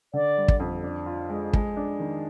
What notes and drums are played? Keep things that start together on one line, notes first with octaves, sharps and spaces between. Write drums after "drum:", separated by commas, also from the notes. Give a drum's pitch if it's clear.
D3 D5
G3
drum: kick
F2
D4
F4
G#3
G#3, drum: kick
D4
D#3